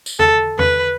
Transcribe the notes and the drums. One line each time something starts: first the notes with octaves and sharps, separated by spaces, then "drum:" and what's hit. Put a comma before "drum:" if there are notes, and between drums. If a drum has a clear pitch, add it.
drum: tambourine
A4, drum: tom E2
B4, drum: tom E2